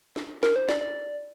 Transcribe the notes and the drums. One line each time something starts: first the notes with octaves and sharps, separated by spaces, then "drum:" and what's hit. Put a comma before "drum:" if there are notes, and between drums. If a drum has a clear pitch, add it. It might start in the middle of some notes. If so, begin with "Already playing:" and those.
drum: snare
A#4, drum: snare
C5
D5, drum: snare
D5